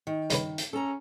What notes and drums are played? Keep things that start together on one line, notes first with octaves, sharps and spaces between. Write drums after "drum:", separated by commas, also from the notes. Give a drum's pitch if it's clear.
D#3
G2 C#3 B4, drum: hi-hat
drum: hi-hat
C#4 A4 A#5